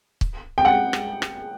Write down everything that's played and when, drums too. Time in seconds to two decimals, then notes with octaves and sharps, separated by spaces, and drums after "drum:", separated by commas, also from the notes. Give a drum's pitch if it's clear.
0.21 drum: kick
0.58 G5
0.65 F#5
0.93 drum: rim click
1.22 drum: rim click